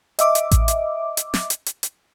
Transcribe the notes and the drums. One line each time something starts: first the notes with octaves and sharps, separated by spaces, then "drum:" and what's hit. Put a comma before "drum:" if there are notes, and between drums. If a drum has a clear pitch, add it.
D#5 E5 D6, drum: hi-hat
drum: hi-hat
drum: kick A1, hi-hat
drum: hi-hat
drum: hi-hat
drum: snare
drum: hi-hat
drum: hi-hat
drum: hi-hat